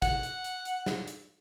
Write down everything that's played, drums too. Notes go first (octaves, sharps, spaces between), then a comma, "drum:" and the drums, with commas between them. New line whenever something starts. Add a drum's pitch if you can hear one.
F#5, drum: kick, hi-hat
drum: hi-hat
drum: hi-hat
drum: hi-hat
drum: snare
drum: hi-hat